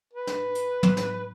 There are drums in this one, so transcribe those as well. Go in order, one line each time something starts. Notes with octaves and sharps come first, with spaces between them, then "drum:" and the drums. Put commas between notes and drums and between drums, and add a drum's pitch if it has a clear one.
B4
drum: snare
drum: hi-hat
drum: tom
drum: snare